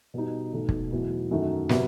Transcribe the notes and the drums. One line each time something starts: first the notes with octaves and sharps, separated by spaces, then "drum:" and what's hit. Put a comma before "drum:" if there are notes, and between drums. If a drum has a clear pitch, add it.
B2 G3 D#4
B1 B2 A3 D#4 A4
drum: kick
E2 B2 F#3 A3 E4
F#2 D#3 A3 D#4 F#4
C3 F#3 B3, drum: snare